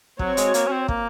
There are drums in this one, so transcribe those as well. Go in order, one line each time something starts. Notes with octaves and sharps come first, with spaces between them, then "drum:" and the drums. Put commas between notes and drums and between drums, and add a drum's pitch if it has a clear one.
F#3 C4 F#4 C#5, drum: kick
G#3, drum: hi-hat
A#3, drum: hi-hat
C#4
C4
A#3, drum: kick